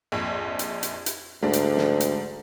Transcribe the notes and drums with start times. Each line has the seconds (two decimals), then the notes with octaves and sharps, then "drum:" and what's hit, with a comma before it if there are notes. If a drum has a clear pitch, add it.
0.12 A#1 F2
0.59 drum: hi-hat
0.83 drum: hi-hat
1.06 drum: hi-hat
1.43 D2 G#2 D4
1.53 drum: hi-hat
1.77 drum: snare
2.00 drum: hi-hat